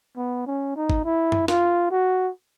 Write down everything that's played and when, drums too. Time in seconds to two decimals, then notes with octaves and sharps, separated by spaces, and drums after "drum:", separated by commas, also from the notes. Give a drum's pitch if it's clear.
0.17 B3
0.47 C#4
0.76 D#4
0.90 drum: kick G#1
1.05 E4
1.32 drum: tom F#2
1.48 F4, drum: snare
1.91 F#4